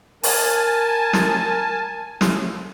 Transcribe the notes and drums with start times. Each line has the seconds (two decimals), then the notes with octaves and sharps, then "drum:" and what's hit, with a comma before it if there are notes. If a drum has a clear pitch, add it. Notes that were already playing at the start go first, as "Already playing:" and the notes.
0.23 A#4 G#5 A5, drum: open hi-hat
1.13 drum: snare
2.21 drum: snare